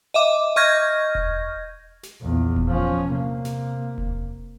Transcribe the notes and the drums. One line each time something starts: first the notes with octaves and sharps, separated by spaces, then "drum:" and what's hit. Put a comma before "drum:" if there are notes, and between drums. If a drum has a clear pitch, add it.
D#5 E5 D6
D#5 C#6 F6 G6 G#6 A#6
drum: kick E1
drum: snare
A#1 E2
drum: kick E1
F3 C#4
C3 A#3
drum: snare
drum: kick E1